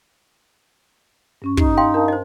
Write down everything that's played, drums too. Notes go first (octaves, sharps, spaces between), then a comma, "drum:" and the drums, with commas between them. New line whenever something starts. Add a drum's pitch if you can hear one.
G2 C#4 C#6
D#4 G4, drum: kick
F5 G5 C6
D4 A#4 F5 A5
C5 D#5